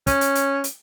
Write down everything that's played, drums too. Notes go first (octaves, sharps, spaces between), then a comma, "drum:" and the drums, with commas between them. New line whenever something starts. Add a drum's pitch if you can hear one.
C#4, drum: kick, hi-hat
drum: hi-hat
drum: hi-hat
drum: hi-hat